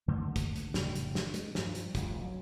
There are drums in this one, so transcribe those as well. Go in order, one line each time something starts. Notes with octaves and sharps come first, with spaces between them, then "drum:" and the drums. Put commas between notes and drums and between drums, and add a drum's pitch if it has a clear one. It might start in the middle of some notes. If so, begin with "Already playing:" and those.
D#2 D3 A3 A#3
drum: kick, hi-hat
drum: hi-hat
F1 A2 C#3 G3, drum: snare
drum: hi-hat
drum: snare
G#3, drum: hi-hat
G2 F3, drum: snare
drum: hi-hat
D1 A1 D2 F3, drum: kick, hi-hat
F#3